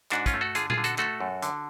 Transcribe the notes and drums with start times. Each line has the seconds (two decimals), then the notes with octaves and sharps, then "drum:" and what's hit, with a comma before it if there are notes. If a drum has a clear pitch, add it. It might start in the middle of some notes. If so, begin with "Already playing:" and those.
0.12 G#2 D4 F#4, drum: clap
0.26 C#4 F4, drum: kick, hi-hat
0.34 A3
0.41 F#4 A4
0.55 D3 F4 G#4, drum: hi-hat
0.70 F4 G#4, drum: tom A#2
0.78 D3
0.84 F#4 A4, drum: hi-hat
0.98 A3 F#4 A4, drum: clap
1.20 F#2
1.42 D3, drum: hi-hat